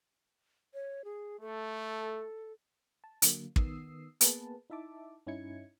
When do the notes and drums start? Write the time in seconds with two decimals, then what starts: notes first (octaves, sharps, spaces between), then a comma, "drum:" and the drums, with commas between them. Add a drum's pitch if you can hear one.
0.74 C#5
1.04 G#4
1.41 A3 A4
3.04 A5
3.22 D3 F#3 A#3, drum: hi-hat
3.56 D#3 B3 D#6 E6 C7, drum: kick
4.21 A#3 B3 G#4 B4 A5, drum: hi-hat
4.70 D#4 E4 E5 A5 D6
5.27 G2 C#4 D#4 E4 G#6 C#7